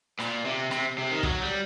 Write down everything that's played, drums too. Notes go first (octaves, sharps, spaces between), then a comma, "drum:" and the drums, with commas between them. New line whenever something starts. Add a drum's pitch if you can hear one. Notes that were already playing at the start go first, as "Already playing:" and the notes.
A#2, drum: rim click
C3
C3, drum: rim click
C3
D#3
F#3, drum: kick
G3